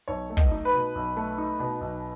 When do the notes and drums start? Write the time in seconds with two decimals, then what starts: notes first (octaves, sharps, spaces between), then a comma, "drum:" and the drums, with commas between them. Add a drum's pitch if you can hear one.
0.08 B1 C#5
0.30 A3
0.37 D#5, drum: kick
0.52 D#4
0.65 B4
0.73 B2
0.95 B1
1.16 A3
1.38 D#4
1.59 B2
1.81 B1